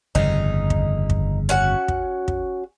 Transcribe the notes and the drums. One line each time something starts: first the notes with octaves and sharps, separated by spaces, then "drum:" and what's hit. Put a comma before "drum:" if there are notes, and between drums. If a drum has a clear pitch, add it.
G1 F2 C#3 D#4
drum: kick
drum: kick
C#4 F#4 F#5
drum: kick
drum: kick